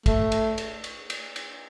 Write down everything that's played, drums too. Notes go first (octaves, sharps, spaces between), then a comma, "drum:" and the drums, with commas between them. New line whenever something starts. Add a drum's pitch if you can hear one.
A3, drum: kick, cymbal
drum: cymbal
drum: cymbal
drum: cymbal
drum: cymbal
drum: cymbal